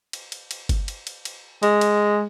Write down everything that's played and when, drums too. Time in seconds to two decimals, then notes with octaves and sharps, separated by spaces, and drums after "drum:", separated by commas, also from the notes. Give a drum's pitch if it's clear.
0.13 drum: cymbal
0.32 drum: cymbal
0.51 drum: cymbal
0.69 drum: kick G1, cymbal
0.88 drum: cymbal
1.07 drum: cymbal
1.25 drum: cymbal
1.63 G#3, drum: cymbal
1.81 drum: cymbal